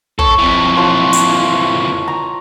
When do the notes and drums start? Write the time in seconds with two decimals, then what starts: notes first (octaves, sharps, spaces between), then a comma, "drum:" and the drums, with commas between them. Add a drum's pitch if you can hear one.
0.19 A4 C#5, drum: kick
0.39 F2 E3
0.77 F4 C#5 A5
1.13 drum: hi-hat
2.08 A#5